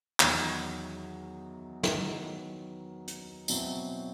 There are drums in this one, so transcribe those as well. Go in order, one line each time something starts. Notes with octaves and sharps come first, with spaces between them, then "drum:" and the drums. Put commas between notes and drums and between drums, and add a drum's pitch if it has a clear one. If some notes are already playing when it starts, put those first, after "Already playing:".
E2 D#3 F#3, drum: clap
D#3 F#3 B3, drum: snare
drum: hi-hat
B2 F#3 C4 E4, drum: tambourine